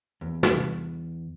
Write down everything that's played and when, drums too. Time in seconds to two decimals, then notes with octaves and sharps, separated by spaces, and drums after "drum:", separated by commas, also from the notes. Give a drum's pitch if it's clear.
0.21 E2
0.43 drum: snare